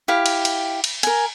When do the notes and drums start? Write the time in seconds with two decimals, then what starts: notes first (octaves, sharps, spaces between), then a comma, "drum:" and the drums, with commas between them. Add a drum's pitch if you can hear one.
0.08 E4 G4 F5
0.26 drum: cymbal
0.45 drum: cymbal
0.84 drum: cymbal
1.03 A#4 G#5, drum: cymbal